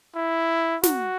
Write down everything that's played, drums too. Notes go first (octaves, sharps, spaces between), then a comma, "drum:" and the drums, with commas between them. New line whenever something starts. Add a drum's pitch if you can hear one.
E4
F#4, drum: snare